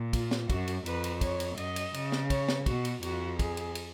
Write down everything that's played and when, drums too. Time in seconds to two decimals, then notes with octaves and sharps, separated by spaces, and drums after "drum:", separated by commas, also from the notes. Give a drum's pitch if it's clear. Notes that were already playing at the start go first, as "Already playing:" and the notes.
Already playing: A#2
0.13 F4, drum: kick, cymbal
0.31 drum: snare
0.50 F#2 F#4, drum: kick, cymbal
0.68 drum: cymbal
0.86 F2 B4, drum: cymbal
1.04 drum: cymbal
1.21 C#5, drum: kick, cymbal
1.40 drum: cymbal
1.57 F#2 D#5, drum: cymbal
1.76 drum: cymbal
1.94 C#3, drum: cymbal
2.12 drum: snare
2.30 C#5, drum: kick, cymbal
2.49 drum: snare
2.66 B2 F#4, drum: kick, cymbal
2.85 drum: cymbal
3.03 F2 F#4, drum: cymbal
3.39 G#4, drum: kick, cymbal
3.57 drum: cymbal
3.75 drum: cymbal